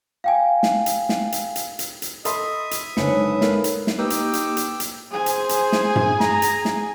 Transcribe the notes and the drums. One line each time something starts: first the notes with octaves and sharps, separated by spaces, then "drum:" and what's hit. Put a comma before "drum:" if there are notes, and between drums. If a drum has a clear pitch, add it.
F5 G5 G#5
drum: snare
drum: hi-hat
drum: snare
drum: hi-hat
drum: hi-hat
drum: hi-hat
drum: hi-hat
A4 D#5 E5 B5 C6 D#6, drum: hi-hat
drum: hi-hat
F#1 D3 G#3 D#4 B4 C#5, drum: snare
A#3 A4, drum: snare
drum: hi-hat
drum: snare
A#3 D#4 G4 B4 G5 D6 E6
drum: hi-hat
drum: hi-hat
drum: hi-hat
drum: hi-hat
G#4 C5 G#5
drum: hi-hat
drum: hi-hat
drum: snare
drum: tom G2
A#5, drum: snare
drum: hi-hat
drum: snare